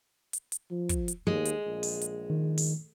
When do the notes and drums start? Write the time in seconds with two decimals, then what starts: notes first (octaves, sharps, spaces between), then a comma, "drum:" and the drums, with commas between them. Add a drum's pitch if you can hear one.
0.33 drum: hi-hat
0.52 drum: hi-hat
0.71 F3
0.89 drum: kick, hi-hat
1.08 drum: hi-hat
1.27 D#2 G#3
1.45 drum: hi-hat
1.66 A#1
1.83 drum: open hi-hat
2.01 drum: hi-hat
2.30 D#3
2.58 drum: open hi-hat